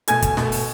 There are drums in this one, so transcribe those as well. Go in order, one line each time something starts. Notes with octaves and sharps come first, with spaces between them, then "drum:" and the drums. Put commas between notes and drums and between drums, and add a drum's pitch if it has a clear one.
B2 A3 G#5 G#6, drum: hi-hat
drum: kick, hi-hat
B2 A3, drum: snare
drum: open hi-hat